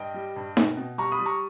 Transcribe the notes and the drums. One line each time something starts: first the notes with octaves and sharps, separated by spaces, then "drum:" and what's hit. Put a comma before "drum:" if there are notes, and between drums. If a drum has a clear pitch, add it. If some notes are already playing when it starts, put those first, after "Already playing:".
Already playing: G2 D#5 G5
G3
G2
B2, drum: snare D#4
B2
G3 A#5 C#6
B5 D#6
G3
A#5 C#6